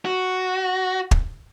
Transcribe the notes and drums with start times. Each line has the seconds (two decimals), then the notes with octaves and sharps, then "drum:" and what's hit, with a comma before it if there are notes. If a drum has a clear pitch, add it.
0.05 F#4
1.11 drum: kick